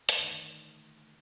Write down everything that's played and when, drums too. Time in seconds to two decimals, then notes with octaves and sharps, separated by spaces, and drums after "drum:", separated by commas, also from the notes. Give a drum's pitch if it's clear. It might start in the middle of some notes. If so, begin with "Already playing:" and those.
0.09 drum: hi-hat
0.19 D3 D#3 A3 D4